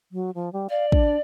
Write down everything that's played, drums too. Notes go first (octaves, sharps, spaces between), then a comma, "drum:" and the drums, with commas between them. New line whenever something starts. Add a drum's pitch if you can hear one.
F#3
F3
G3
D5 F5
D4, drum: kick